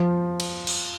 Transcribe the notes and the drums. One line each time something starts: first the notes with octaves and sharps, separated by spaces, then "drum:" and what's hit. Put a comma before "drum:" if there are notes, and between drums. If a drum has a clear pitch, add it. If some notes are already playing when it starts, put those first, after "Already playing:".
Already playing: F3
drum: cymbal
drum: cymbal